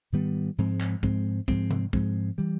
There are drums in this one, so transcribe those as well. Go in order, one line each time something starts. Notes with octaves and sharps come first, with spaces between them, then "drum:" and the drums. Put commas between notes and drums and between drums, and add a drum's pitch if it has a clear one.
G#2 D#3 G3 B3
G#2 F3 G#3 C4
drum: clap
G#2 F3 G#3 C4, drum: kick
G#2 F3 G#3 C4, drum: kick
drum: tom C3
G#2 F3 G#3 C4, drum: kick
E3 G3